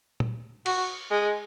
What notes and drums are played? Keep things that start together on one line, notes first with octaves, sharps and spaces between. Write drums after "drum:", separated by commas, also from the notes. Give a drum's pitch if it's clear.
drum: tom A#2
F#4, drum: cymbal
G#3